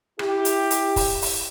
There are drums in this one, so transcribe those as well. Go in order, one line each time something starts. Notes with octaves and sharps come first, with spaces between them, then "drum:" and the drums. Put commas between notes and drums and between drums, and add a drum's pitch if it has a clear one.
E4 G4, drum: rim click
drum: hi-hat
drum: hi-hat
drum: kick, open hi-hat
drum: open hi-hat